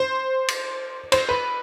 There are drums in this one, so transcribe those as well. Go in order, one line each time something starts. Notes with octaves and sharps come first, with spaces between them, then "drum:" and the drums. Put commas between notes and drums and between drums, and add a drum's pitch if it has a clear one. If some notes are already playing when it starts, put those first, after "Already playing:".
Already playing: C5
drum: cymbal
C5, drum: cymbal
B4